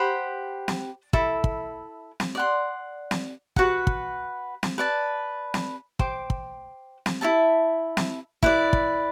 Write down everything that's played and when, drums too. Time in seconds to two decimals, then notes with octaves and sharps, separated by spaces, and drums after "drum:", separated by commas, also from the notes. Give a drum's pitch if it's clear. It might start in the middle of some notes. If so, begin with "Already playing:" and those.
Already playing: G4 C5 F#5 B5
0.68 drum: snare
1.13 E4 A4 E5 B5, drum: kick
1.44 drum: kick
2.20 drum: snare
2.35 D5 F#5 C6
3.11 drum: snare
3.56 F#4 B4 F#5, drum: kick
3.87 drum: kick
4.63 drum: snare
4.78 B4 D5 A5
5.54 drum: snare
5.99 C5 G5 D6, drum: kick
6.30 drum: kick
7.06 drum: snare
7.21 E4 A4 E5 A5
7.97 drum: snare
8.43 E4 B4 D5, drum: kick
8.73 drum: kick